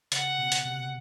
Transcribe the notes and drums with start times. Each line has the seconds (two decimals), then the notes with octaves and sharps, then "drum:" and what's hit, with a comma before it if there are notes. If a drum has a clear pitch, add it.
0.12 C#3 F#5, drum: hi-hat
0.38 B2
0.52 drum: hi-hat
0.65 C3